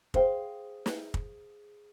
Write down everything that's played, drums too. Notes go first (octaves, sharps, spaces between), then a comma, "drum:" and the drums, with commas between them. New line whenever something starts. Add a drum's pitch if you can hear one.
G#4 C5 F5 G5, drum: kick
drum: snare
drum: kick